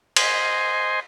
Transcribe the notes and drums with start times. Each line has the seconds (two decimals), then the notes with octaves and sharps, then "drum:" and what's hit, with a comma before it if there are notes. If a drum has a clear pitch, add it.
0.16 C5 D#5 G#5 C6, drum: cymbal